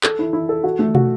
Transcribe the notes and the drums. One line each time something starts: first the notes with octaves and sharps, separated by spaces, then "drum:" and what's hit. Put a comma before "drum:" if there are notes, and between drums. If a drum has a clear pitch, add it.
A4, drum: clap
E4
E4
A4
F#4
A3
F#4, drum: tom